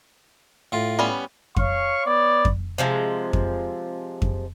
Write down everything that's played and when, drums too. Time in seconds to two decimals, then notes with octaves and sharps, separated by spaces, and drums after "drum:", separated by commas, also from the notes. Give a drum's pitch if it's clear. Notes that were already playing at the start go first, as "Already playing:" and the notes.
0.72 A2 F4
0.99 G3 B3 C#4
1.56 C#5 F5 C#6, drum: kick F2
2.05 B3 C#5 D5
2.45 drum: kick F2
2.78 C3 F3 G#3
3.33 drum: kick F2
4.22 drum: kick F2